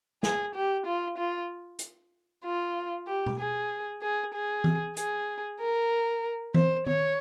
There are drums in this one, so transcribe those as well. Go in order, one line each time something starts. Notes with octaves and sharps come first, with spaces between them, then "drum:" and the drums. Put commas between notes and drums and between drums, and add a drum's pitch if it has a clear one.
G#4, drum: snare
G4
F4
F4
drum: hi-hat
F4
G4
drum: tom B2
G#4
G#4
G#4
drum: tom E3
G#4, drum: hi-hat
A#4
C5, drum: tom E3
C#5, drum: tom